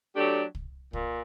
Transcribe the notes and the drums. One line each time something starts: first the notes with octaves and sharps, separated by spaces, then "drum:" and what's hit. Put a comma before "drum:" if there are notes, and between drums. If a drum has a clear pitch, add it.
F#3 A3 D4 G4
drum: kick
A#2, drum: kick